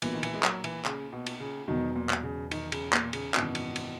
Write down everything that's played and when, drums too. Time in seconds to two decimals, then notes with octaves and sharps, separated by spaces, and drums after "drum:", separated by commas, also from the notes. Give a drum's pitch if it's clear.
0.02 B1 A#2 E3 A#3, drum: cymbal
0.14 D#3
0.23 E3, drum: cymbal
0.34 G#3
0.43 F#3, drum: clap
0.64 E3, drum: cymbal
0.85 C#3, drum: clap
1.13 B2
1.26 drum: cymbal
1.40 C#3
1.68 E1 E2 B2 D#3 F#3
1.96 A#2
2.09 drum: clap
2.23 C#3
2.51 D#3, drum: cymbal
2.72 C#3, drum: cymbal
2.93 A#2, drum: clap
3.13 C#3, drum: cymbal
3.34 G#1 F#2 B2 E3, drum: clap
3.55 drum: cymbal
3.76 drum: cymbal